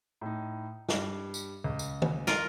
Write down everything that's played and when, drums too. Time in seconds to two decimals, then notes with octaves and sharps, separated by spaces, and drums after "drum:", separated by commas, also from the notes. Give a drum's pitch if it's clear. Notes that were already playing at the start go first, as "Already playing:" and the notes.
0.21 A2 D#4
0.89 G2, drum: snare
1.34 drum: tambourine
1.64 C#2
1.79 drum: tambourine
2.02 drum: tom
2.27 F4 A#4, drum: snare